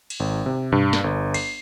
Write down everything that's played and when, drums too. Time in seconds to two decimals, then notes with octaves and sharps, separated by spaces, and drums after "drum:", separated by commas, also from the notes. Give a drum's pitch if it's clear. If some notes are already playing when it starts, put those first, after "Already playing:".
0.10 drum: cymbal
0.20 G#1
0.46 C3
0.72 G2, drum: tom B2
0.93 drum: snare
1.04 G1
1.34 C7, drum: cymbal